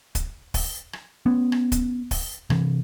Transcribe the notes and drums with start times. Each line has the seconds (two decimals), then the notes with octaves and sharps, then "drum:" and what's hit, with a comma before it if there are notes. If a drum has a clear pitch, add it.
0.15 drum: kick, hi-hat
0.54 drum: kick, open hi-hat
0.93 drum: rim click
1.26 B3 C#4
1.52 drum: rim click
1.72 drum: kick, hi-hat
2.11 drum: kick, open hi-hat
2.50 C3 E3, drum: rim click